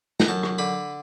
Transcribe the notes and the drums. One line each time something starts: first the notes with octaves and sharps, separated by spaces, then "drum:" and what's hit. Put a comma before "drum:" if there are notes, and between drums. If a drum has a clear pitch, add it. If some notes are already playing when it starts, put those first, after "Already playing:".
A#5, drum: snare
F#2 A5
drum: rim click
D3 B5